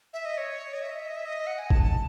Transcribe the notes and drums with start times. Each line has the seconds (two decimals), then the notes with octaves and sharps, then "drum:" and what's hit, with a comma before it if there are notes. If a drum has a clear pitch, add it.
0.13 E5
0.25 D#5
0.38 C#5
0.74 D#5
0.82 E5
0.91 D#5
1.00 E5
1.08 D#5
1.16 E5
1.26 D#5
1.47 F#5
1.59 G#5
1.70 A5, drum: kick
1.83 A5